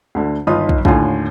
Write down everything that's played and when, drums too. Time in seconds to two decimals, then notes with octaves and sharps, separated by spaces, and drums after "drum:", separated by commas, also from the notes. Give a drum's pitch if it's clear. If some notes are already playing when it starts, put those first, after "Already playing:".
0.15 D2 D3
0.47 G1 D#3 D#4 F4 D#6
0.69 drum: kick
0.85 D#2 A2 D3 F4 G#5, drum: kick